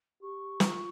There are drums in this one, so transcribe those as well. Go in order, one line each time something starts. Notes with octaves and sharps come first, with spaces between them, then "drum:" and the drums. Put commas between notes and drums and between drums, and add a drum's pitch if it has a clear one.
G4 C#6
F4, drum: snare